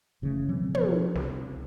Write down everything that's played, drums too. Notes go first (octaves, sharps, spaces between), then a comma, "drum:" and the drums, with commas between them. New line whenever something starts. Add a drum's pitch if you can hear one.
F#1 C#3 E3 A3
B2 E3 F#3 C4
F3 B3, drum: tom
C2, drum: snare